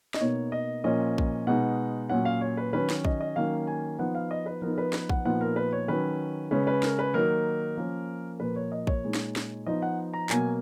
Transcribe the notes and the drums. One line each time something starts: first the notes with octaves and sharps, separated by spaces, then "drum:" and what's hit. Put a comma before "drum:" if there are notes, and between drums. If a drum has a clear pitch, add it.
D#5, drum: snare
B2 A#3 D#4 C#5
D#5
A#2 F3 A#3 C#4 D#5
drum: kick A#1
B2 G#3 B3 D#4 F#5
A#2 F#3 C#4 F#5
F5
C#5
B4
D#3 F#3 C#4 B4
drum: snare
D#5, drum: kick A#1
D#5
D#3 F#3 A#3 C#4 F5
G#5
F3 B3 D#4 F#5
F5
D#5
B4
F3 B3 D#4 A#4
A#4
B4
B4, drum: snare
F#5, drum: kick A#1
A#2 F3 B3 D#4 F#5
A#4
B4
C#5
D#3 F#3 C#4 B4
C#3 G#3 C#4 B4
B4
A#4, drum: snare
B4
D#3 F#3 A#3 D#4 A#4
F3 A#3 C#4
A#2 F3 A#3 B4
C#5
D#5
C#5, drum: kick A#1
A#2 G#3 D#4
drum: snare
drum: snare
F3 B3 D#4 D#5
F#5
A#5
B2 F#3 A#3 G#5, drum: clap